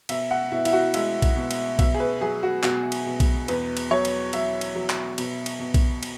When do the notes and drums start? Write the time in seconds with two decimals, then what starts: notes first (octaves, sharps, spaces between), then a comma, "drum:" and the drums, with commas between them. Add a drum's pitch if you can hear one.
0.09 B2 E5, drum: cymbal
0.31 F#5
0.52 B2 E4
0.65 E4, drum: cymbal
0.73 F#4
0.94 G#3 E5, drum: cymbal
1.22 drum: kick B1, cymbal
1.36 B2
1.51 drum: cymbal
1.79 B2 E5, drum: kick B1, cymbal
1.94 G#4
2.00 B4
2.21 F#3 G#4
2.43 F#4
2.63 B2 F#4, drum: clap
2.92 drum: cymbal
3.06 B2
3.20 drum: kick B1, cymbal
3.48 E2 B4, drum: cymbal
3.77 drum: cymbal
3.90 F#3 C#5
4.05 drum: cymbal
4.33 F#3 E5, drum: cymbal
4.61 drum: cymbal
4.75 F#3
4.90 drum: clap
5.18 B2, drum: cymbal
5.46 drum: cymbal
5.60 B2
5.74 drum: kick B1, cymbal
6.03 drum: cymbal